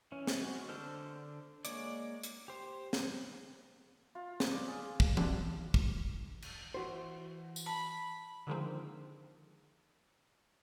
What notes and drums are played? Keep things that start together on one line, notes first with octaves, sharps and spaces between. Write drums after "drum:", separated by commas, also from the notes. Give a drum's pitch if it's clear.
E3 C#4
drum: snare
G#3 F#4
D3 D4 A4 C5 F6
G#3 A#3 C#5 D5, drum: hi-hat
drum: hi-hat
G4 C5
drum: snare
F4
drum: snare
D5
G#4
drum: kick
D4, drum: tom E3
drum: kick
drum: cymbal
E3 F#4 C5
drum: tambourine
A5 B5
D3 D#3 F3 G#3 A#3 C4